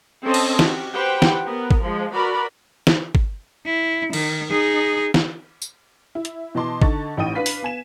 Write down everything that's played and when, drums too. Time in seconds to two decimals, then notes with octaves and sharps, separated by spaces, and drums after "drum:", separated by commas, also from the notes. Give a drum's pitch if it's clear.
0.25 C4 C#4 A4 D#5 A5
0.34 drum: cymbal
0.59 F#4 G4, drum: snare
0.93 G4 B4 C5 F#5 G5
1.22 drum: snare
1.47 B3 A#4
1.71 drum: kick
1.81 F3 G#3
2.14 F#4 A#4 B4 D5 B5
2.87 drum: snare
3.15 drum: kick
3.66 E4
4.13 D#3, drum: cymbal
4.50 D#4 G#4
5.14 drum: snare
5.62 drum: tambourine
6.15 E4
6.25 drum: hi-hat
6.55 B2 E3 D#5 A5 C6 D6
6.82 D3 D#4 A5 C#6 A6, drum: kick
7.17 A1 A2 D#4 G5 D#6 D#7
7.35 D4 B4 F5 B6
7.46 drum: open hi-hat
7.63 B3 G#5 E7